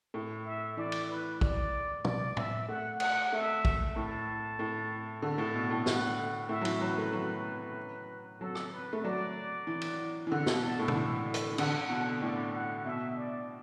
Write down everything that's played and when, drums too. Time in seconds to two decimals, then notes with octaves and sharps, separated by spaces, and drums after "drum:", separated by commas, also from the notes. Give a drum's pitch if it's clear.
0.14 A2
0.46 E5
0.77 E3 D5
0.92 drum: cymbal
1.10 B4
1.41 D5, drum: kick
2.05 D5, drum: tom
2.37 E5, drum: tom
2.68 A3 F#5
3.00 F#5, drum: cymbal
3.32 A3 E5
3.65 drum: kick
3.96 A2 A5
4.59 A2
5.22 D3 A5
5.38 A2
5.55 B2
5.71 A2
5.86 F#5, drum: snare
6.49 A2 E5
6.61 F#3
6.65 E3, drum: cymbal
6.81 F#3 B4
6.98 A3
7.13 F#3
8.40 F#3 A4
8.55 drum: rim click
8.72 B4
8.93 A3
9.04 F#3 D5
9.67 E3
9.82 drum: cymbal
10.27 E3
10.30 D3 F#5
10.46 B2, drum: snare
10.63 A5
10.79 A2
10.88 D3, drum: tom B2
10.95 E3
11.34 drum: hi-hat
11.53 E3
11.58 D3 F#5, drum: cymbal
11.90 B2
12.22 A2 D5
12.54 F#5
12.85 B2 E5
13.17 D5